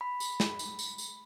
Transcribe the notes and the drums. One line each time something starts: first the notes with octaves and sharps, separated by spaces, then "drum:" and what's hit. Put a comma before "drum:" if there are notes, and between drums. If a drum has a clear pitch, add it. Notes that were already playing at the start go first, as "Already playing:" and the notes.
B5
drum: tambourine
drum: snare
drum: tambourine
drum: tambourine
drum: tambourine